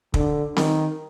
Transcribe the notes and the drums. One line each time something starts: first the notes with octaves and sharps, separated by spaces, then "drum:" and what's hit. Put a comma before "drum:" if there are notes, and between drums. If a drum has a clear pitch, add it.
D3, drum: kick
D#3, drum: snare C4